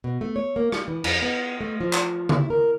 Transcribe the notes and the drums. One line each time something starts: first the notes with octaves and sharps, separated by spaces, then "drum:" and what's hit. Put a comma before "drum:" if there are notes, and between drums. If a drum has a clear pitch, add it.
B2
A3
C#5
A#3
G3, drum: rim click
E3
F2, drum: cymbal
B3
A3
F3
drum: clap
E4, drum: tom C#3
A#4